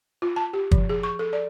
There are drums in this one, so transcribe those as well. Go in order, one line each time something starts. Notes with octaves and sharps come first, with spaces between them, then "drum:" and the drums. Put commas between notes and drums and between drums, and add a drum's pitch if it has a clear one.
F4
A5
G4
F3, drum: kick
G#4
C#6
A4
D5